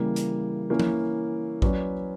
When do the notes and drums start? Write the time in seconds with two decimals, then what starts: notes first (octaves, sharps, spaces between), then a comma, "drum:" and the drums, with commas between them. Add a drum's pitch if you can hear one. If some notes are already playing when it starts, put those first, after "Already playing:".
Already playing: C#3 E3 G3 A#3
0.16 drum: hi-hat
0.70 E3 A#3 C#4 E4
0.80 drum: tom F3
1.62 F#3 C#4 F#4 B4 D5, drum: kick A1